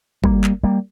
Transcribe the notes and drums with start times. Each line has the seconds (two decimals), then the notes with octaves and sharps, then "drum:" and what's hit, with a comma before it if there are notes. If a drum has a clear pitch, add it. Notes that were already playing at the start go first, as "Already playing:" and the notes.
0.24 G3 A#3, drum: kick
0.44 drum: clap
0.64 G3 A#3